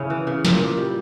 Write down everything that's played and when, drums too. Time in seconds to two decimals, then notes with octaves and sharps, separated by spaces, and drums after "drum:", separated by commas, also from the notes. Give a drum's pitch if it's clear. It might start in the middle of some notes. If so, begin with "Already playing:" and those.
Already playing: C#3 C#4 E4
0.10 E3
0.27 C#3
0.45 A#2, drum: snare
0.61 A#2
0.77 G3